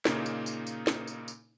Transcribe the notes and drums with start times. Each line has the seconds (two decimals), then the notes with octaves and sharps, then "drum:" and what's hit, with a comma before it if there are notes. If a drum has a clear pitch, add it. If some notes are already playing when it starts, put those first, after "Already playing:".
0.05 A#2 C#3 A#3 D#4, drum: snare
0.26 drum: tambourine
0.46 drum: tambourine
0.67 drum: tambourine
0.87 drum: snare
1.07 drum: tambourine
1.28 drum: tambourine